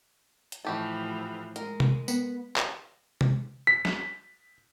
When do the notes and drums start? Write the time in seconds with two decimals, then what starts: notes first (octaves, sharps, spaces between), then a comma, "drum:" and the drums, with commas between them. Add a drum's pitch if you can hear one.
0.52 drum: hi-hat
0.65 A2 E3 F3 F#4 G4 A4
1.56 G#3 A#4, drum: hi-hat
1.80 drum: tom C3
2.08 B3, drum: tambourine
2.56 drum: clap
3.21 drum: tom C3
3.67 B6
3.85 drum: snare